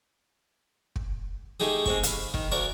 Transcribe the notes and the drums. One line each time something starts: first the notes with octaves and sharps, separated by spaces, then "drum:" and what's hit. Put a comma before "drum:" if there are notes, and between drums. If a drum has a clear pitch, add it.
drum: kick
A3 D#4 G4 G#4
G#3 C4 C#6, drum: kick
F5 B5, drum: hi-hat
D#3, drum: kick
D2 A#4 D5 C#6